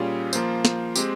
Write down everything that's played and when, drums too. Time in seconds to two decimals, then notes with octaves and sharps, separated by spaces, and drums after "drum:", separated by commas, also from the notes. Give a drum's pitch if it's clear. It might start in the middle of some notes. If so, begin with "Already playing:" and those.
Already playing: A#2 G3 C#4 F4 G#4
0.33 F3 A#3 F4 C5, drum: tambourine
0.65 drum: snare
0.95 G#3 C4 G4, drum: tambourine